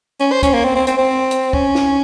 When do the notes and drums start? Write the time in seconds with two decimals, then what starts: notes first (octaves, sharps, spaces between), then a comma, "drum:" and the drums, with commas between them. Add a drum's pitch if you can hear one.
0.20 C#4
0.32 C5
0.43 C#4, drum: kick, hi-hat
0.54 A#3
0.64 C4
0.75 C4
0.87 C4, drum: hi-hat
0.98 C4
1.31 drum: hi-hat
1.53 C#4, drum: kick
1.75 drum: snare